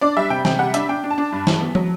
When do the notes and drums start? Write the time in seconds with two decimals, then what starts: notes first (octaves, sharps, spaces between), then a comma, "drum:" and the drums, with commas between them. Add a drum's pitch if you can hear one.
0.01 D4 D5
0.17 G3 E5
0.30 C3 G5
0.45 C3 G5, drum: snare
0.59 G3 F#5
0.74 D4 E5, drum: hi-hat
0.89 D4 G5
1.04 D4
1.10 A5
1.18 D4
1.32 G2
1.47 E3, drum: snare
1.61 B3
1.75 F#3, drum: tom